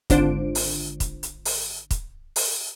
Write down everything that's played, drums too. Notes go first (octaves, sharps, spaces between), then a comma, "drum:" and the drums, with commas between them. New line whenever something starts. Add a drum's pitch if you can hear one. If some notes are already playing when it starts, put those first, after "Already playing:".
G#1 D3 D4 F4 C5 D7, drum: kick, hi-hat
drum: open hi-hat
drum: kick, hi-hat
drum: hi-hat
drum: open hi-hat
drum: kick, hi-hat
drum: open hi-hat